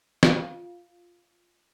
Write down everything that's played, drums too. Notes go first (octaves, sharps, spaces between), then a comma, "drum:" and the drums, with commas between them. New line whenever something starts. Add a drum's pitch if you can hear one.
F4 F5, drum: snare